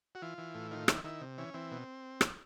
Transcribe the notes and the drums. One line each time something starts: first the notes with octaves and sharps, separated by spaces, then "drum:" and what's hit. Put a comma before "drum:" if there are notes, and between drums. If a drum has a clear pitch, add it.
F#4
E3 F4
E3
A2
D#3 F4
D#3 E4, drum: rim click
D#3 E4
C3
E3 C#4
E3 C4
B2
drum: rim click